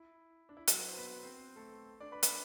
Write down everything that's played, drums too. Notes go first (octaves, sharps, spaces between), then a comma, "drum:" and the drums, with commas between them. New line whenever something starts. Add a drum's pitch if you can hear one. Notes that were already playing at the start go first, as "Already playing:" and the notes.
Already playing: E4
D4
E4
F#3 F#4, drum: hi-hat
B4
C5
B3 B4
C4 C5
A3 A4
D4 D5
B4 B5
B4 B5, drum: hi-hat